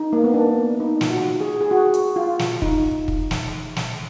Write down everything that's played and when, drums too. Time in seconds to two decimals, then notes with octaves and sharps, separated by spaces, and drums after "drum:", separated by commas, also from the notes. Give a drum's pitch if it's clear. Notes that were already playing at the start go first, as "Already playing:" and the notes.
Already playing: D#4
0.13 A#3
0.24 B3
0.34 D4
0.80 D#4
1.01 F4, drum: snare
1.10 F#4
1.40 G#4
1.61 G#4
1.71 F#4
1.94 drum: hi-hat
2.16 F4
2.39 drum: snare
2.62 D#4, drum: kick
3.08 drum: kick
3.31 drum: snare
3.76 drum: snare